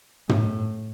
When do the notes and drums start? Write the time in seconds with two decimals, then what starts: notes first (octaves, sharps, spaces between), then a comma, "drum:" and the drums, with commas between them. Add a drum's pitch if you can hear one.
0.29 A2, drum: tom